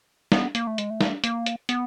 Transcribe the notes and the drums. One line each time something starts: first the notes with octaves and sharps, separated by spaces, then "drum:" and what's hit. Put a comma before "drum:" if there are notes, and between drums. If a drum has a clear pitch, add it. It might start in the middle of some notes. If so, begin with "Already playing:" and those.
B3, drum: snare
A#3, drum: hi-hat
A3
G#3, drum: hi-hat
A3
drum: snare
A#3, drum: hi-hat
drum: hi-hat
B3, drum: hi-hat